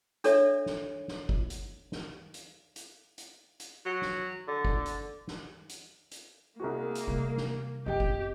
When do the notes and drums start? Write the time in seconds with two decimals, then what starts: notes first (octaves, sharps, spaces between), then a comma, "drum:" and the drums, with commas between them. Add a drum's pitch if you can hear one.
0.24 D4 A4 C#5 D5 E5, drum: hi-hat
0.66 drum: snare
1.08 drum: snare
1.29 drum: kick
1.50 drum: hi-hat
1.92 drum: snare
2.34 drum: hi-hat
2.76 drum: hi-hat
3.18 drum: hi-hat
3.60 drum: hi-hat
3.85 F#3
4.02 drum: snare
4.48 D3
4.65 drum: kick
4.86 drum: hi-hat
5.27 drum: snare
5.69 drum: hi-hat
6.11 drum: hi-hat
6.60 C2 G#3 A#3 F#4
6.95 drum: hi-hat
7.07 C3 G3
7.37 drum: snare
7.86 F#2 C4 G4 D#5 G5
8.00 drum: kick